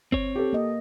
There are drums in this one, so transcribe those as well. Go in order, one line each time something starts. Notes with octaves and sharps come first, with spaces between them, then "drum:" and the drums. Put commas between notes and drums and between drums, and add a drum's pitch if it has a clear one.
C4 C#5, drum: kick G1
G4 A4
A#3 D#5